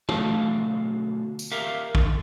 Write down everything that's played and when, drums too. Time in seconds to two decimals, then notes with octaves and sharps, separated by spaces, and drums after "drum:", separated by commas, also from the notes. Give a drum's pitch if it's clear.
0.09 B2 D3 F#3 A3 F5 A5, drum: tom
1.39 drum: tambourine
1.51 G4 A#4 E5 F5
1.95 D3 D#3, drum: kick